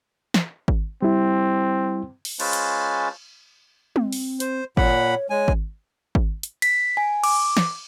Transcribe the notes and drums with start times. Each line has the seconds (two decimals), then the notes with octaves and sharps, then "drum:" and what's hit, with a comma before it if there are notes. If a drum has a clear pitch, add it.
0.34 drum: snare
0.68 drum: kick G#1
1.02 G3 C4 E4
2.25 drum: open hi-hat
2.40 G#3 C#4 F4 B4 C5 A5, drum: cymbal
2.53 drum: hi-hat
3.96 C4, drum: tom
4.13 drum: open hi-hat
4.40 C5, drum: hi-hat
4.77 A#2 C#5 F#5 B5, drum: kick G#1
5.30 G#3 C#5 G#5
5.48 drum: kick G#1
6.15 drum: kick G#1
6.43 drum: hi-hat
6.62 B6, drum: cymbal
6.97 G#5
7.24 D6, drum: cymbal
7.57 drum: snare